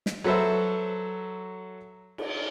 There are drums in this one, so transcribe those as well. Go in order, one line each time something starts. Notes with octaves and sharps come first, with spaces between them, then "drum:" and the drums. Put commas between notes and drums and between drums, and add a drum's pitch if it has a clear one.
drum: snare
F#3 F#4 A4 B4 C5 E5
drum: cymbal